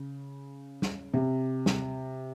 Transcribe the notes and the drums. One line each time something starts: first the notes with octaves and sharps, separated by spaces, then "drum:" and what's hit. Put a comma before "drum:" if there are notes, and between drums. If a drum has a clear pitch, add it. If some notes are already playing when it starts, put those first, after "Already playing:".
Already playing: C#3
drum: snare
C3
drum: snare